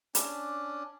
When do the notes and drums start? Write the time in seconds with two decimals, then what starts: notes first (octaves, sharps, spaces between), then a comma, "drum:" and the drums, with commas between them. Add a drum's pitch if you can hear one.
0.15 C#4 D4, drum: hi-hat